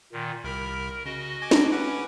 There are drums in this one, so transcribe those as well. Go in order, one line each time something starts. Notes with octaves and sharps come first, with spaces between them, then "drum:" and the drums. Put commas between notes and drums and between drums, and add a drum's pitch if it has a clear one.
A#2 D#3
C2 A#4 B5 F6
C#3 F#4 D#5
G#5 D6
drum: snare
C#4 B4 F#5 D6